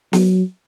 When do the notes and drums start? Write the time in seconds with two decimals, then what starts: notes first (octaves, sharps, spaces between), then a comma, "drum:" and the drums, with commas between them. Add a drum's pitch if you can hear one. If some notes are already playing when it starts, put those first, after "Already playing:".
0.13 F#3, drum: snare